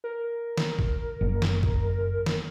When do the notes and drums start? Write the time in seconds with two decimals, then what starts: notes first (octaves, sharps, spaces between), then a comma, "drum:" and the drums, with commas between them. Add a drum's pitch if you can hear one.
0.04 A#4
0.57 drum: snare
0.79 drum: kick G#1
1.21 F#1
1.42 drum: snare
1.63 drum: kick G#1
2.26 drum: snare